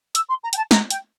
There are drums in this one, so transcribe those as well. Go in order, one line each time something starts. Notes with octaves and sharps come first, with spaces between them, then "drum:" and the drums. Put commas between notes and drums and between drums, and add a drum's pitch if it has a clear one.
E6, drum: hi-hat
C6
A#5
G5, drum: hi-hat
A5
A#5, drum: snare
G5, drum: hi-hat